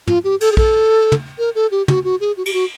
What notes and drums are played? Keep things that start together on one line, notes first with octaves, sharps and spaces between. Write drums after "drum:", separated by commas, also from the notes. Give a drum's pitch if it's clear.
F4, drum: tom
G4
A4, drum: cymbal
G#4
A4, drum: kick
drum: tom
A#4
A4
G4
F#4, drum: tom
F#4
G#4
F#4
G4, drum: cymbal
F#4